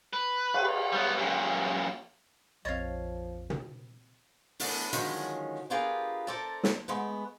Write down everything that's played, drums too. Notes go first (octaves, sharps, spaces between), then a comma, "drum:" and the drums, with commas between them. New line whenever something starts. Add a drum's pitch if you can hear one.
B4
drum: cymbal
G3 B3
F#2 A#2
A#1 F2 F3 C4 C#5 D#5 F5 A6
drum: tom
E3 A3 B3 D4, drum: open hi-hat
D3 D#3 F3 F#3 G#3 C#4, drum: hi-hat
B3 D4 F4 G4 G#4 A#4
A4 A#4 C5 D5 E5 A5
drum: snare
G#3 A3 B3